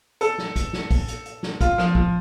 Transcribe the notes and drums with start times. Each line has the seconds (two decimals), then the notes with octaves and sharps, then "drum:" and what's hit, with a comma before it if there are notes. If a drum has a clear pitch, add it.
0.21 A4, drum: hi-hat
0.38 drum: snare
0.56 drum: kick, hi-hat
0.73 drum: snare
0.91 drum: kick, open hi-hat
1.08 drum: hi-hat
1.25 drum: hi-hat
1.43 drum: snare
1.61 F4, drum: kick, hi-hat
1.78 F3, drum: snare
1.95 F3, drum: kick